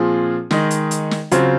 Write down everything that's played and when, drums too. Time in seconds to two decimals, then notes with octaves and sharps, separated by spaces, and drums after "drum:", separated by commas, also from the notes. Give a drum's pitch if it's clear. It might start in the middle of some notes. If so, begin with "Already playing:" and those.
Already playing: A#2 F3 C4 F4 G#4
0.51 D#3 G#3 D#4, drum: snare
0.71 drum: hi-hat
0.91 drum: hi-hat
1.11 drum: snare
1.31 C#3 F#3 C4 F4 C5, drum: hi-hat